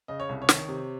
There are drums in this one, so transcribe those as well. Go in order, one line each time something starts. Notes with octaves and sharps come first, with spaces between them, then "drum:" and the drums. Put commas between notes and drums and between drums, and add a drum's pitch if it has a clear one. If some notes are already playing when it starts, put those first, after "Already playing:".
C#3 D#5
C#5
C2
C#5
D#3, drum: snare
C3